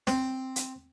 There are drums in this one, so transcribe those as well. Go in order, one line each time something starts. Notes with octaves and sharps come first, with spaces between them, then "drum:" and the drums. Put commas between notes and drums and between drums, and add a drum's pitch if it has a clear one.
C4, drum: snare
drum: hi-hat